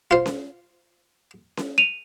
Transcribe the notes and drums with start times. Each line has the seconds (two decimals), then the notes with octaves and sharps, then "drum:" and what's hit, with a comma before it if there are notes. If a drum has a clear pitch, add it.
0.11 F4 C5
0.26 drum: snare C#4
1.57 drum: snare C#4
1.78 D#7 F7